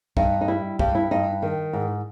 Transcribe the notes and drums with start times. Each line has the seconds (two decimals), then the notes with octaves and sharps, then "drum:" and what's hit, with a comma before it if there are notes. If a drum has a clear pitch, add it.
0.17 G2 D#4, drum: kick
0.41 D#4
0.48 G3 E4
0.79 G2 G4, drum: kick
0.95 E4
1.11 G2 D#4
1.42 D#3
1.73 G#2